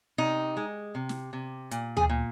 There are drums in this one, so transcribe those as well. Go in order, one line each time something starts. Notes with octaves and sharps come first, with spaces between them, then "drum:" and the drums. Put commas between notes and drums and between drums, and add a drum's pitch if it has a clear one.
C3 D#4
G#3
C3
drum: snare
C3
A#2, drum: hi-hat
G#4, drum: tom D2
A#2